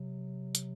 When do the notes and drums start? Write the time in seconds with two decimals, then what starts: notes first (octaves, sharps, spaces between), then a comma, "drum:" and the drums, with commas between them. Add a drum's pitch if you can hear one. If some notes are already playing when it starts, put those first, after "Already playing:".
Already playing: C3 F#3
0.55 drum: hi-hat